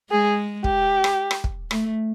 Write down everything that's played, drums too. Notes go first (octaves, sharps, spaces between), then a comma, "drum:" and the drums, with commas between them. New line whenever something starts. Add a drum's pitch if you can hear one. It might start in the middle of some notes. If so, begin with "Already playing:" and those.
G#3 G#4
G4, drum: kick
drum: rim click
drum: rim click
drum: kick
A3, drum: rim click